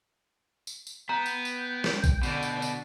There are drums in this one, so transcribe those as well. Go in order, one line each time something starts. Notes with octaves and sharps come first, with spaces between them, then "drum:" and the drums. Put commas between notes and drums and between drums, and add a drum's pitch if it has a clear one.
drum: tambourine
drum: tambourine
B3 G5 A#5
drum: tambourine
drum: tambourine
drum: snare
drum: kick, tambourine
B2 D3 D4, drum: tambourine
drum: tambourine
drum: tambourine